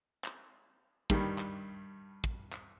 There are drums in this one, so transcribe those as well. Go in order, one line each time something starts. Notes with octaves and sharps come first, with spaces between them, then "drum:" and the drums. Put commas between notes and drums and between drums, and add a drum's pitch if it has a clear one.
drum: clap
G2 D#3 G3, drum: kick
drum: clap
drum: kick
drum: clap